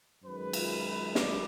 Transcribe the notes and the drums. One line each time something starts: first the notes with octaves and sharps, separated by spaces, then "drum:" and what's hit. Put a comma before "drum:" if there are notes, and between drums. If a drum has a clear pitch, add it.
F#2 D#3 G#3 B4
drum: cymbal
D5, drum: snare